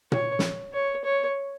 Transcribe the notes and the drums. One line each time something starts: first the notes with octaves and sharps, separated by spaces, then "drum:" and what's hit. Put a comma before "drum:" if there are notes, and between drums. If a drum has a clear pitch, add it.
C#5, drum: tom A#2
drum: snare
C#5
C#5